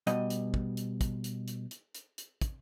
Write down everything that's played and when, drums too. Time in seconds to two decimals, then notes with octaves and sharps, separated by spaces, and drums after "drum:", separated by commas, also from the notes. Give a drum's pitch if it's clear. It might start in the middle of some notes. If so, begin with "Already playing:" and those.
0.07 B2 G3 D#5, drum: hi-hat
0.30 drum: hi-hat
0.54 drum: kick
0.77 drum: hi-hat
1.01 drum: kick, hi-hat
1.24 drum: hi-hat
1.48 drum: hi-hat
1.71 drum: hi-hat
1.95 drum: hi-hat
2.18 drum: hi-hat
2.41 drum: kick, hi-hat